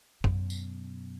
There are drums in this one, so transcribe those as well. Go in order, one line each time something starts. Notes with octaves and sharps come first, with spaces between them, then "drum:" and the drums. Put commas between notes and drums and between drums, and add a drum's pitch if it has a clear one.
F#2 B2, drum: kick
drum: tambourine